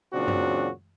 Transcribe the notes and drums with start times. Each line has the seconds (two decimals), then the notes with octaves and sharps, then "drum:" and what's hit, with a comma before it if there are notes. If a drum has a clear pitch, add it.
0.13 A#2 C#3 F#3 C4 D4 F#4
0.28 drum: tom F#2